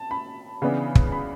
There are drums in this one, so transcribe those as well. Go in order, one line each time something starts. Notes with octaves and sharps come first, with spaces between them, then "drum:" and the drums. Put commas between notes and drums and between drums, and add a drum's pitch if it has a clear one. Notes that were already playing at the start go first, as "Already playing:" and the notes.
Already playing: A5
B5
C#3 E3 B3 D4
drum: kick
B5